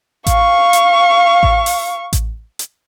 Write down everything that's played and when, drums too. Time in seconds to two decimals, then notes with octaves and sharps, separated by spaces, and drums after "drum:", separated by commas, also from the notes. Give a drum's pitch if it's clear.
0.26 F5 C#6, drum: kick A1, hi-hat
0.73 drum: hi-hat
1.43 drum: kick A1
1.66 drum: open hi-hat
2.13 drum: kick A1, hi-hat
2.59 drum: hi-hat